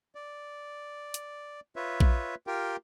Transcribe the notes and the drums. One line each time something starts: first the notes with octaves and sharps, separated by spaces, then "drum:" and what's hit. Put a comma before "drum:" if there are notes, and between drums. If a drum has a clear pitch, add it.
D5
drum: hi-hat
F4 B4 C#5 E5
drum: kick A#1
F4 G4 A#4 G5